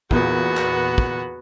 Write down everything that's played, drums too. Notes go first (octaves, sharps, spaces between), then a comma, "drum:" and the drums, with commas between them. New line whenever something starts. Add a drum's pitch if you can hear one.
E2 A#2 B3 F#4, drum: kick
drum: clap
drum: kick